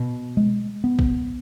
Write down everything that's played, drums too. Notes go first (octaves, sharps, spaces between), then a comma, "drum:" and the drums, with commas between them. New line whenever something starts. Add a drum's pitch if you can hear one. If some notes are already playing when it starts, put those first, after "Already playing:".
Already playing: B2
G#3
B3
drum: kick A#1